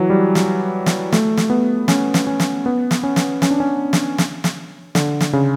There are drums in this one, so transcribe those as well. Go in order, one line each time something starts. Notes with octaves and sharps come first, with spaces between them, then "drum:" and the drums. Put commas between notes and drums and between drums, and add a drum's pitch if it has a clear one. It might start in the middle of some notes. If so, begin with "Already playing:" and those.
Already playing: E3 F#3
G3
drum: snare
drum: snare
A3, drum: snare
drum: snare
B3
C#4, drum: snare
drum: snare
C#4
drum: snare
B3
drum: snare
C#4
drum: snare
C#4, drum: snare
D4
C#4
drum: snare
drum: snare
drum: snare
D3, drum: snare
drum: snare
C#3